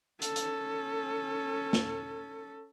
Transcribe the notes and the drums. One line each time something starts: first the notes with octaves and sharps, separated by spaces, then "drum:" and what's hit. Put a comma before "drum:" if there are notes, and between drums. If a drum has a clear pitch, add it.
C#4 A4, drum: hi-hat
drum: hi-hat
drum: snare